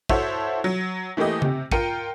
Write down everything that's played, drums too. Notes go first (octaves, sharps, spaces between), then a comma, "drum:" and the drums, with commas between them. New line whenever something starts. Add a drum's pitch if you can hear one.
E4 F#4 A4 C5 C#5 E5, drum: kick
F#3
E3 A3 A#3 G4 D#5
C3 G4, drum: tom C#3
F4 A#4 G5 C#7 D#7, drum: kick